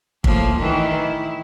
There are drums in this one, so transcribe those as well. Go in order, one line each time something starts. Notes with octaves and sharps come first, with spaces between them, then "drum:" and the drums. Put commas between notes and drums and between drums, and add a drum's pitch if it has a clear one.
A2 F3 A#3, drum: kick
D#3 E3
E4